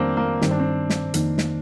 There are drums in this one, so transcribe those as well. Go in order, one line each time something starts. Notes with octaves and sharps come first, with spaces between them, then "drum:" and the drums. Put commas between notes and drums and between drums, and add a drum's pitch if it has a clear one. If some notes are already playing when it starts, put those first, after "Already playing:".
Already playing: F2 D#3 G3 A#3 C4 D4 F4
A#3
G2 D#3 G3 C4, drum: snare
D4
C4
drum: snare
F2 D#3 A#3 D#4, drum: hi-hat
drum: snare